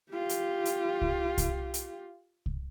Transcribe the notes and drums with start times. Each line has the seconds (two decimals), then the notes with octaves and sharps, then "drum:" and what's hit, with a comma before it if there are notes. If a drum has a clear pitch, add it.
0.11 F4 G4
0.29 drum: hi-hat
0.65 drum: hi-hat
1.02 drum: kick C2
1.38 drum: kick C2, hi-hat
1.74 drum: hi-hat
2.46 drum: kick C2